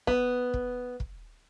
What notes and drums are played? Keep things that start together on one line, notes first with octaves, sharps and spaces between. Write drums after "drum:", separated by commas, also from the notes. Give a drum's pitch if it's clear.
B3, drum: kick
drum: kick
drum: kick